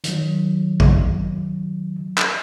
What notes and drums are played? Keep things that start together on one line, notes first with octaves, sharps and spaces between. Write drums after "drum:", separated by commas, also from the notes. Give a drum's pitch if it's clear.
D#3 F#3, drum: hi-hat
drum: kick
drum: clap